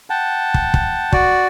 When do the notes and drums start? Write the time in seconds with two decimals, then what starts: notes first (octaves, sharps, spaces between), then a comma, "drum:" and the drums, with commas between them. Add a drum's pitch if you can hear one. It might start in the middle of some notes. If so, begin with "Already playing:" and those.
0.10 F#5 G5 A5
0.54 drum: kick
0.74 drum: kick
1.13 F#4 D5, drum: kick